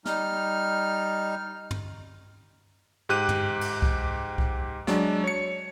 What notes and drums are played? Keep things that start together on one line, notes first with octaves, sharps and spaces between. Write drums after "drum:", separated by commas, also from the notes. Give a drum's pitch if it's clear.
G3 D#4 F6, drum: snare
drum: tom
G#2 G4 F#6 D#7
drum: tom
drum: cymbal
drum: kick C2
drum: kick C2
F#3 G#3 D4, drum: snare
C#5 C#7